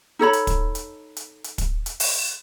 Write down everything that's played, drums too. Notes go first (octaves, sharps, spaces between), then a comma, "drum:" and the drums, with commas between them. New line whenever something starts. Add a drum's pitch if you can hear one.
D#4 A4 C#5 B5
drum: hi-hat
drum: kick, hi-hat
drum: hi-hat
drum: hi-hat
drum: hi-hat
drum: kick, hi-hat
drum: hi-hat
drum: open hi-hat